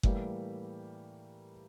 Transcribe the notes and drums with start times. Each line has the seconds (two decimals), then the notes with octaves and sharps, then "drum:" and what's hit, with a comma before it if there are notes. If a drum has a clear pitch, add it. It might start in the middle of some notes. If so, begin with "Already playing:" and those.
0.03 A2 E3 G3 A#3, drum: kick F#1